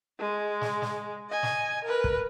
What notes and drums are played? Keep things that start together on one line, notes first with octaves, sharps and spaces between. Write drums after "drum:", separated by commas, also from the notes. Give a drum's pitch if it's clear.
G#3
drum: snare
drum: snare
D#5 G#5
drum: snare
A#4 B4
drum: kick